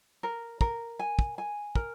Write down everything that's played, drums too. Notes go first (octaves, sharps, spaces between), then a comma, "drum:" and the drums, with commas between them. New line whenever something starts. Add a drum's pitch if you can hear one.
A#4
A#4, drum: kick
G#5
drum: kick
G#5
A#4, drum: kick